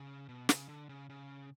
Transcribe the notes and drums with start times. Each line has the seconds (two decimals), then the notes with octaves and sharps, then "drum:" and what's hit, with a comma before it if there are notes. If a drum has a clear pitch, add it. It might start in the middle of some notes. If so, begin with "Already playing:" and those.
Already playing: C#3
0.29 B2
0.49 C#3, drum: snare
0.69 D3
0.89 C#3
1.09 C#3